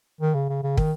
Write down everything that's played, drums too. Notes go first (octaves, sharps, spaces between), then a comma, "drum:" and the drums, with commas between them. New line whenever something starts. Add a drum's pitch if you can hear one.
D#3
C#3
C#3
C#3
D#3, drum: kick